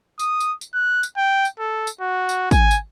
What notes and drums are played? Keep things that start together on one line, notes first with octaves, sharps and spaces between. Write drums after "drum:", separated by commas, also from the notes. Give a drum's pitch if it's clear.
D#6, drum: tambourine
drum: tambourine
drum: tambourine
F#6
drum: tambourine
G5
drum: tambourine
A4
drum: tambourine
F#4
drum: tambourine
G#5, drum: kick, tambourine
drum: tambourine